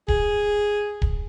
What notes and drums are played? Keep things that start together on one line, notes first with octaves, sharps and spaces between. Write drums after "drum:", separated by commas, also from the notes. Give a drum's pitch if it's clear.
G#4, drum: kick D1
drum: kick D1